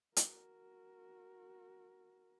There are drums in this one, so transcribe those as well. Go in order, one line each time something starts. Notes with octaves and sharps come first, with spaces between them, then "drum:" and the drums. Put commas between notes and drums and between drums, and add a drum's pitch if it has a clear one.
F#4 A#4, drum: hi-hat